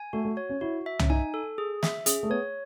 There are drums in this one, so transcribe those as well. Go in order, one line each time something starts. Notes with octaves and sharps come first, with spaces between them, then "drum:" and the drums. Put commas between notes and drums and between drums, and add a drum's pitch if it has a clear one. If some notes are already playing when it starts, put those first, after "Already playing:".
Already playing: G#5
A3 F#4
A3
C#5
C#4
E4 F#4
E5
C#4, drum: tom C2
D#4 G#5
A4
G#4
E5, drum: snare
C#4 G#4, drum: hi-hat
A3
B3 C#5